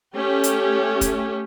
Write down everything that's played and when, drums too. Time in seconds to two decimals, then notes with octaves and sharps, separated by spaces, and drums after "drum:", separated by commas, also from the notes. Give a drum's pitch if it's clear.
0.15 A3 C#4 G4
0.44 drum: hi-hat
1.01 drum: kick, hi-hat